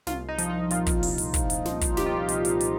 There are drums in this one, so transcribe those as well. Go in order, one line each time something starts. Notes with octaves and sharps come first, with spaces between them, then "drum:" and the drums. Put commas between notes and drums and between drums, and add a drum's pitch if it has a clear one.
C2 F4, drum: snare
D#4
F3, drum: hi-hat
D#4
A#2 F4, drum: hi-hat
drum: kick, hi-hat
C2, drum: open hi-hat
drum: hi-hat
C2, drum: kick, hi-hat
drum: hi-hat
F3, drum: snare
drum: kick, hi-hat
A#2 G4, drum: snare
F4
G4
C2, drum: hi-hat
drum: hi-hat
drum: hi-hat